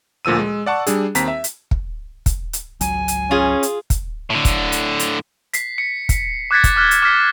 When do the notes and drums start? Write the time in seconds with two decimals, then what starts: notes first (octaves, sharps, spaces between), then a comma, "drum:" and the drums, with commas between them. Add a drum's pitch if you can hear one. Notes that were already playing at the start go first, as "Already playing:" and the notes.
0.25 D2 A#2 F3 E6 D#7
0.39 G#3
0.66 D5 F#5 A5 C#6
0.87 G3 D4 G#4, drum: hi-hat
1.15 D#2 C4 A#5 B6, drum: hi-hat
1.28 E5
1.44 drum: hi-hat
1.71 drum: kick
2.26 drum: kick, hi-hat
2.53 drum: hi-hat
2.81 G#1 C#2 F#3 G#5, drum: hi-hat
3.08 drum: hi-hat
3.31 C#4 F4 G#4
3.63 drum: hi-hat
3.90 drum: kick, hi-hat
4.30 A2 D3
4.45 drum: kick, hi-hat
4.72 drum: hi-hat
5.00 drum: hi-hat
5.54 B6 C7, drum: hi-hat
5.78 C#7
6.09 drum: kick, hi-hat
6.51 D6 F#6 G#6 A6 B6 C#7
6.64 drum: kick, hi-hat
6.76 D6 F6 F#6
6.91 drum: hi-hat
7.02 D6 F6 B6 C7